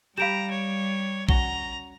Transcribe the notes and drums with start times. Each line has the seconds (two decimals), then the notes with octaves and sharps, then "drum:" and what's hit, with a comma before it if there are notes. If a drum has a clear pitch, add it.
0.18 G3 G4 F5 A#5 B5 D7 E7
0.51 C#5
1.29 C#4 F#4 F#5 A#5 G7, drum: kick A#1